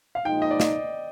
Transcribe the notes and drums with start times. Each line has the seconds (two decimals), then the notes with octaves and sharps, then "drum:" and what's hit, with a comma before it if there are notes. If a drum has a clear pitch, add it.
0.15 F5
0.25 A#2 F3 G#3 D#4 G5
0.42 D#5
0.51 D5
0.60 D#5, drum: snare